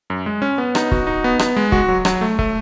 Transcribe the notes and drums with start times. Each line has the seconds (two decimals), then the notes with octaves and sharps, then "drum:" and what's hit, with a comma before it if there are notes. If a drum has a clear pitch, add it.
0.10 F#2
0.26 G#3
0.42 C#4
0.58 B3
0.75 D#4, drum: rim click
0.91 F#4, drum: kick
1.07 D#4
1.24 B3
1.39 B3, drum: rim click
1.56 G#3
1.72 F#4, drum: kick
1.88 F#3
2.05 F#3, drum: rim click
2.21 A3
2.39 A3, drum: kick